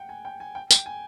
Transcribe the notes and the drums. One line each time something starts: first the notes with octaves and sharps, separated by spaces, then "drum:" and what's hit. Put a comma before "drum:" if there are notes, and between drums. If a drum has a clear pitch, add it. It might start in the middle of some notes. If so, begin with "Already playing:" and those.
Already playing: F#5 G5
G#5
G5
G#5
G5
G5, drum: tambourine
G#5